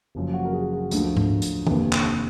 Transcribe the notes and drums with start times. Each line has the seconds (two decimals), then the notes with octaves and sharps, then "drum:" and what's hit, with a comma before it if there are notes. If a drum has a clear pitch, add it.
0.15 F#1 F#2 F3
0.34 F#4
0.45 A#4
0.53 G#4
0.73 F#4
0.91 D2 D3 F3, drum: hi-hat
1.17 drum: tom G#2
1.42 drum: hi-hat
1.67 F1 D#2 D3 B4, drum: tom
1.92 drum: clap